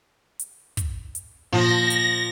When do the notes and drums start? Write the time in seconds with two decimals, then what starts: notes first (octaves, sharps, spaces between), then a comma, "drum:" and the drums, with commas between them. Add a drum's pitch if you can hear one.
0.39 drum: hi-hat
0.77 drum: kick, hi-hat
1.15 drum: hi-hat
1.53 A#2 F3 A#6
1.90 drum: hi-hat